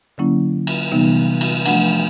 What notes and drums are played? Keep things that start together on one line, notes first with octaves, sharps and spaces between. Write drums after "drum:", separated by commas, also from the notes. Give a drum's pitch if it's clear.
D3 F#3 A#3 C#4 E4
drum: cymbal
C3 E3 G3 B3 D#4
drum: cymbal
F3 A3 D4 F#5, drum: cymbal